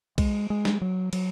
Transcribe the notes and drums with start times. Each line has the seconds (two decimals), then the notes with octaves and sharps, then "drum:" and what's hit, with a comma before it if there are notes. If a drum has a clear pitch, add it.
0.18 G#3, drum: kick B1, cymbal
0.50 G#3
0.65 drum: snare
0.81 F#3
1.13 F#3, drum: cymbal